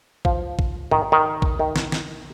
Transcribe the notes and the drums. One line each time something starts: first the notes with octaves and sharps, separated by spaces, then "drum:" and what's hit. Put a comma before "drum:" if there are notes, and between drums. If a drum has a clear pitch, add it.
F3, drum: kick
drum: kick
D#3, drum: tom G#2
D#3
drum: kick
D#3
drum: snare
drum: snare